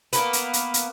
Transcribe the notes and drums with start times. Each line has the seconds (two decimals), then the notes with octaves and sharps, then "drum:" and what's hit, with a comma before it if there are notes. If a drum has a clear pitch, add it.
0.13 A#3 B3, drum: hi-hat
0.33 drum: hi-hat
0.53 drum: hi-hat
0.74 drum: hi-hat